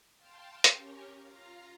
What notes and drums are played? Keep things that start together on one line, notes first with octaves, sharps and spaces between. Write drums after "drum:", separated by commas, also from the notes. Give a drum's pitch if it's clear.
F5 G5 A5 C6
drum: hi-hat
C#4 G4 A#4 C#5
F4 F5 A#5